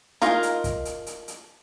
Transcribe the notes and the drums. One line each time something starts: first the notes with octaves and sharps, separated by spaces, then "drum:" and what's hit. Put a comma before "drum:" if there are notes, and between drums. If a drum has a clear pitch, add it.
D#4 F4 G#4 A#4, drum: hi-hat
drum: hi-hat
drum: kick, hi-hat
drum: hi-hat
drum: hi-hat
drum: hi-hat